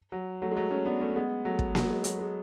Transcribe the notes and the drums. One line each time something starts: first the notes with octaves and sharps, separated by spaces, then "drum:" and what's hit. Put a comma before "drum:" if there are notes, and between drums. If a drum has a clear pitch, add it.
F#3
F#3 A3
G#3
F#3 A3
A3 C#4
B3 D4
A3 C#4
G#3 B3
F#3 A3
drum: kick
F#3, drum: snare A#3
G#3
F#3, drum: hi-hat
G#3